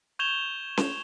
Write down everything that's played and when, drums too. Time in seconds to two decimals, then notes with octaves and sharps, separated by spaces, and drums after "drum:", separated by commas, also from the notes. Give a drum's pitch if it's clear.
0.19 C#6 G6 G#6 E7 F7 G7
0.77 drum: snare C#4